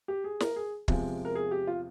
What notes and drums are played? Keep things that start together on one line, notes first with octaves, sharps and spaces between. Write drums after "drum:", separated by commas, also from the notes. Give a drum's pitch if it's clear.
G4
G#4
A#4, drum: snare
G#4
E2 C3 F3 G#3, drum: kick
A#4
G#4
G4
F4